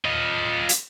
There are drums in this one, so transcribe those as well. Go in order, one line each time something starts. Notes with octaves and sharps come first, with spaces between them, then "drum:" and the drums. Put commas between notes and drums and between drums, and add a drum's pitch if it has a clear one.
F4 D#5
drum: hi-hat